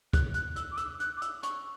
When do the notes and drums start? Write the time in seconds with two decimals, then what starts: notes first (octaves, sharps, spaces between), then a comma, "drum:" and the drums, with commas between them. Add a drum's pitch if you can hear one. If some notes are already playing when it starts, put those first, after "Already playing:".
0.13 F#6, drum: kick, hi-hat
0.34 F#6, drum: hi-hat
0.56 E6, drum: hi-hat
0.72 D6
0.77 E6, drum: hi-hat
1.00 F#6, drum: hi-hat
1.17 D6
1.22 E6, drum: hi-hat
1.43 C#6, drum: hi-hat